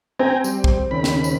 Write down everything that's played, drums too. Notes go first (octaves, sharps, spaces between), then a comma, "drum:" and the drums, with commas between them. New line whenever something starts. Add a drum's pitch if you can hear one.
C4 G5 G#5 A#5
G3, drum: tambourine
drum: kick
D#2 C#3 B5
drum: snare
drum: tambourine